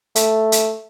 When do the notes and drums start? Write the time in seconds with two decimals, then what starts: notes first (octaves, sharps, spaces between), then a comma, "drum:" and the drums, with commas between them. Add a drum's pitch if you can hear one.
0.15 A3, drum: hi-hat
0.52 drum: hi-hat